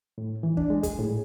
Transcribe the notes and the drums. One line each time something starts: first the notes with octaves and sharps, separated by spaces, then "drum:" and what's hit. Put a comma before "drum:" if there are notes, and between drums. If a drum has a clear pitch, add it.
A2
E3
D4, drum: kick
G#3
G#4, drum: kick, hi-hat
A2